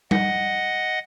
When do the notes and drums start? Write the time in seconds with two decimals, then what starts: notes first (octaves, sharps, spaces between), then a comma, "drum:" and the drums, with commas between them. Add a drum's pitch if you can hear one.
0.11 D#5 F#5, drum: tom G3